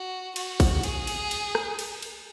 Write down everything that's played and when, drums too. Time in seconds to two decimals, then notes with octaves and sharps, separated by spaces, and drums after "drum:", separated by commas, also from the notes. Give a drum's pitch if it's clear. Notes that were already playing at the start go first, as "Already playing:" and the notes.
Already playing: F#4
0.36 F#4, drum: cymbal
0.60 drum: kick, cymbal
0.83 G#4, drum: cymbal
1.07 drum: cymbal
1.31 drum: cymbal
1.55 drum: rim click
1.79 drum: cymbal
2.02 drum: cymbal